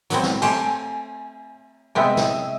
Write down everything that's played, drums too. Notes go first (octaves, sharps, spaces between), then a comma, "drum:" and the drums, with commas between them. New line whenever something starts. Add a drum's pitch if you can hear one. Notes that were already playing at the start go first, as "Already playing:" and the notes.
F#3 B3 C4, drum: hi-hat
drum: snare
A3 G4 C5 G#5, drum: cymbal
C3 G#3 B3 D#5 E5 G5
drum: snare